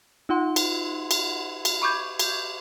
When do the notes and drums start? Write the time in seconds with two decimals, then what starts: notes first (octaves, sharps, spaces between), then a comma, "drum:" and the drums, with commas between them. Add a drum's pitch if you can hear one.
0.29 D#4 F4 F#5 C6
0.56 drum: cymbal
1.11 drum: cymbal
1.65 drum: cymbal
1.82 B5 C#6 D6 G6 G#6
2.19 drum: cymbal